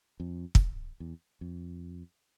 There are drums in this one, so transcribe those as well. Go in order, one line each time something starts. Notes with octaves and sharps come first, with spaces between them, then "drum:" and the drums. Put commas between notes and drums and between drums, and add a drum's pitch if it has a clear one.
F2
drum: kick
E2
F2